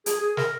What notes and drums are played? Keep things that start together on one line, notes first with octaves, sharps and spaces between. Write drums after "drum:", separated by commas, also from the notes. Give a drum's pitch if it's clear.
G#4, drum: hi-hat
G#4
A#4, drum: snare